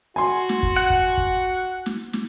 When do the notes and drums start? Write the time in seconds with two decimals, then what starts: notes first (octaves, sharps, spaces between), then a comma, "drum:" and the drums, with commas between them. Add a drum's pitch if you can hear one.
0.16 F#4 G#5 C6
0.49 drum: snare
0.63 drum: kick
0.76 F#5
0.90 drum: kick
1.18 drum: kick
1.86 drum: snare
2.13 drum: snare